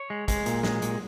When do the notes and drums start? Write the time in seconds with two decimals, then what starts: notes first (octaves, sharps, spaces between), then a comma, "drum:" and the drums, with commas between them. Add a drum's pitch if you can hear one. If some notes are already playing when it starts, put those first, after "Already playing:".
Already playing: C#5
0.10 G#3
0.28 G#3, drum: kick, hi-hat
0.46 A#2, drum: hi-hat
0.63 G#3, drum: snare
0.82 A#2, drum: hi-hat